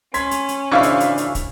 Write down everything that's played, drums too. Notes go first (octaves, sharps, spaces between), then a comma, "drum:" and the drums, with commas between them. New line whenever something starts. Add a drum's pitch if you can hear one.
C#4 C6 G#6 B6, drum: hi-hat
drum: hi-hat
drum: hi-hat
G#1 C#3 E3 D4 C5 E5 F5 C#6
drum: hi-hat
drum: hi-hat
drum: hi-hat
drum: kick, hi-hat